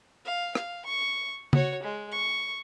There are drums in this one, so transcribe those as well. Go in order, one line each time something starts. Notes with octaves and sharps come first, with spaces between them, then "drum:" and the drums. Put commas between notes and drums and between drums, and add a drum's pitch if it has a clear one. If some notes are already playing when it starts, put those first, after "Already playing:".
F5
F5, drum: rim click
C#6
F#4 C#5, drum: tom C#3
G#3
C#6